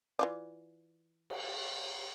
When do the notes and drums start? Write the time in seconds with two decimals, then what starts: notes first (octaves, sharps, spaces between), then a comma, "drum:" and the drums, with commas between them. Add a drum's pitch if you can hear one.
0.19 E3 F4 D5
1.30 drum: cymbal